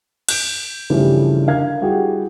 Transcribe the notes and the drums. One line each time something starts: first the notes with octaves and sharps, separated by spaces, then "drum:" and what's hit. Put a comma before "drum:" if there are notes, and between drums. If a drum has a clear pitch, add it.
G6 D7, drum: cymbal
G2 C#3 E3 F3 G3 A3
D3 A#4 F5 G#6
G3 E4 F#4 G#4 F#5 G5